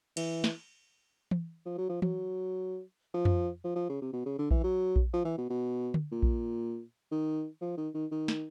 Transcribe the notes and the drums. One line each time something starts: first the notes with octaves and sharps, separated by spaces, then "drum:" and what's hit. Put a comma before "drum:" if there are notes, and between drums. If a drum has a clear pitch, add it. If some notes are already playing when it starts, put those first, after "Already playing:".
E3, drum: cymbal
drum: snare
drum: tom E3
F3
F#3
F3
F#3, drum: tom E3
F3
drum: tom F2
F3
F3
C#3
C3
B2
C#3
D3
E3, drum: kick A#1
F#3
drum: kick A#1
F3
E3
B2
B2
drum: tom D3
A#2
drum: kick A#1
D#3
F3
D#3
D#3
D#3
drum: snare